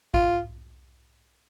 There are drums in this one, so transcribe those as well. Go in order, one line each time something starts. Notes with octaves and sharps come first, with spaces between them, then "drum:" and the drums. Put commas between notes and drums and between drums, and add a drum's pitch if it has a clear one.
F4, drum: kick G#1